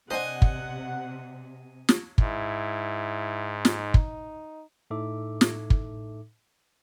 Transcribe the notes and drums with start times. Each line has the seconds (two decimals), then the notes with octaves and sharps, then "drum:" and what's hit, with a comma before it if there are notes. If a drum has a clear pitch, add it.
0.11 C3 C4 D4 C5 D#5 F#5 G#5
0.42 drum: kick
1.89 drum: snare
2.18 G#2 E4, drum: kick
3.65 drum: snare
3.76 D#4
3.94 drum: kick
4.91 A2 D#4 A4 E5 D6
5.41 drum: snare
5.70 drum: kick